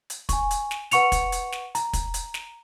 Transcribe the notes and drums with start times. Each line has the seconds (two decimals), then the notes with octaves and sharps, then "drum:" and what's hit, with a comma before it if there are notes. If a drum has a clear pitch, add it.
0.10 drum: hi-hat
0.29 G#5 C#6, drum: kick, hi-hat
0.51 drum: hi-hat
0.71 drum: snare
0.91 B4 F#5 C#6 C#7 F7, drum: hi-hat
1.12 drum: kick, hi-hat
1.32 drum: hi-hat
1.53 drum: snare
1.75 A#5, drum: hi-hat
1.93 drum: kick, hi-hat
2.14 drum: hi-hat
2.34 drum: snare